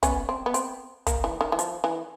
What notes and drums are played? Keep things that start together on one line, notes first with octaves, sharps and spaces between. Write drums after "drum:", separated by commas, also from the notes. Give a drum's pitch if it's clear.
B3 C#4, drum: kick, hi-hat
C4
B3
C4, drum: hi-hat
A#3, drum: kick, hi-hat
E3
D#3
E3
F3, drum: hi-hat
E3